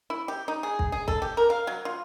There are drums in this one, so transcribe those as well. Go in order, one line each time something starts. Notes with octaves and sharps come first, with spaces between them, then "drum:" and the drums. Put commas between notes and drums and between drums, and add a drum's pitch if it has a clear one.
E4
G4
D#4
G#4
drum: kick
G#4
A4, drum: kick
G4
A#4
F5
F#3
F4